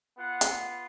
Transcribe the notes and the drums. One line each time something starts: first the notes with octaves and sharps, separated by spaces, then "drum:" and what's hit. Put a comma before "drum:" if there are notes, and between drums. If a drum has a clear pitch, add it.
B3 F4 F#5
drum: hi-hat